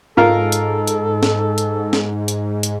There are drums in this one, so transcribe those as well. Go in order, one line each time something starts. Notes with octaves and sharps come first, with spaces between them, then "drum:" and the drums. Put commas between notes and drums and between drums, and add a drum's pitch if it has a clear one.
G#2 F4 A4 A#4 F5
drum: hi-hat
drum: hi-hat
drum: snare
drum: hi-hat
drum: snare
drum: hi-hat
drum: hi-hat